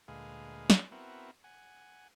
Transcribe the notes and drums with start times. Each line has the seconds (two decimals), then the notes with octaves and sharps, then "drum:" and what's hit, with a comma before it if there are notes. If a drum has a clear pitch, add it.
0.08 D2 A#2 G#3 G#4 B4 F5
0.70 drum: snare
0.92 B3 C4 E4 F#4 A#4
1.44 F#5 G#5